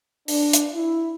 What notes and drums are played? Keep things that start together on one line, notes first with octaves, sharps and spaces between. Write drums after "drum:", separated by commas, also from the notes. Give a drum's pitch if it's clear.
D4, drum: open hi-hat
drum: hi-hat
E4